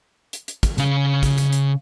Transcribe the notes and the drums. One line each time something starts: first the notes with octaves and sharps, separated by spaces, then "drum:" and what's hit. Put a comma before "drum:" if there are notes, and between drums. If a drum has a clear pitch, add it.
drum: hi-hat
drum: hi-hat
drum: kick, hi-hat
C#3 F5, drum: hi-hat
drum: kick, hi-hat
drum: hi-hat
drum: hi-hat